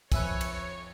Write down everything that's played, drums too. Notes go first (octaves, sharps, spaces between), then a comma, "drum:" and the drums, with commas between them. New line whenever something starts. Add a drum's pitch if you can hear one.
F2 B4 C#5 E5 G#5, drum: kick, cymbal
drum: cymbal